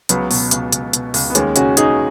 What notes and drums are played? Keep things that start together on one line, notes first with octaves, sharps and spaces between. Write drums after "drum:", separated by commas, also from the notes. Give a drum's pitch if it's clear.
C#2 F#3 B3, drum: hi-hat
B2, drum: open hi-hat
C#2, drum: hi-hat
C#2, drum: hi-hat
B2, drum: hi-hat
C#2, drum: open hi-hat
B3
D#2 G#3 C#4, drum: hi-hat
C#3 C#4 F#4, drum: hi-hat
C#3 D#4 G#4, drum: hi-hat